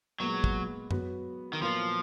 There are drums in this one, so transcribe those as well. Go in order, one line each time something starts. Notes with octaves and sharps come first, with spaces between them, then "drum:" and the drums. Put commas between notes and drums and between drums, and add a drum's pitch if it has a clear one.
A#2 F#3 G#3 B3
drum: kick
F#3 B3 F#4, drum: tom F#2
D#3
A#2 F3 F#3 B3 F4 A#4